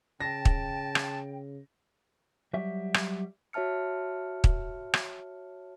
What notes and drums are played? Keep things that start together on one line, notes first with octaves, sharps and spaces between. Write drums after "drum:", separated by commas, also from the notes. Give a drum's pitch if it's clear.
C#3 G5 A5 A#6
drum: kick
drum: rim click
F#3 G3 E5
drum: rim click
F#4 C#5 E5 A5 F6 C#7
drum: kick
drum: rim click